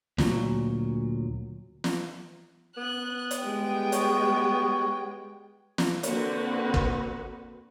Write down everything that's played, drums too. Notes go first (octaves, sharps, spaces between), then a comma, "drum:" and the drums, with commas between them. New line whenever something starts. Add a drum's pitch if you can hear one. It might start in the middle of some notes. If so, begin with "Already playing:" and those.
D2 A#2 D#3 F#3, drum: snare
drum: snare
B3 F#6
drum: hi-hat
G3 G#3 G5
F#4 C#5, drum: hi-hat
drum: snare
D3 A#3 C4 F#4 B4, drum: hi-hat
drum: kick